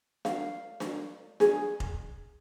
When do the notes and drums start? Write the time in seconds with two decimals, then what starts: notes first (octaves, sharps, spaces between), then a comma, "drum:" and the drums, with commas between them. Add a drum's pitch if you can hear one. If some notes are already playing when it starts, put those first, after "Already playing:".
0.25 F5, drum: snare D4
0.80 drum: snare D4
1.40 G#4, drum: snare D4
1.80 drum: kick F1